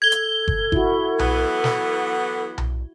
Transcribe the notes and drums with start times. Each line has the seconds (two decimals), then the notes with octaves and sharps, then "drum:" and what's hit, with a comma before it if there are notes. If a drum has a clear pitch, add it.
0.02 A4 G#6 G7
0.12 drum: hi-hat
0.48 drum: kick G1
0.72 E4 F#4, drum: kick G1
1.19 E3 F#3 B3, drum: tom B1
1.64 drum: snare
2.58 drum: tom B1